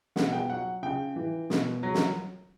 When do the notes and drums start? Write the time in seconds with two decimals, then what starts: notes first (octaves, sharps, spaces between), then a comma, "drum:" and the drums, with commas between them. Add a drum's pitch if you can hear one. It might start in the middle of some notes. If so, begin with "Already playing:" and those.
0.16 B2 F#5, drum: snare
0.33 G5
0.49 F#3 F#5
0.83 C#3 G5
1.16 E3
1.50 B2, drum: snare
1.83 F#3
1.94 drum: snare